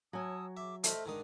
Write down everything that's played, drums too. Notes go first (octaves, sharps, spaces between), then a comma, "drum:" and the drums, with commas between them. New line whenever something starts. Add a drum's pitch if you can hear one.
F#3 G#5 A5 D#6 E6
G#4 E5 D6
A3 C5 D#5 E5 F6, drum: hi-hat
G#2 D#3 D4 D#5